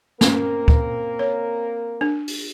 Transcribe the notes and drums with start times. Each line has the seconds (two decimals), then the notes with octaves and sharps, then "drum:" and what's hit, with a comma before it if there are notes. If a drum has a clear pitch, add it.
0.21 A#3 C4 C#4 A#4, drum: snare
0.68 drum: kick
1.19 C#5
2.01 D4
2.27 drum: open hi-hat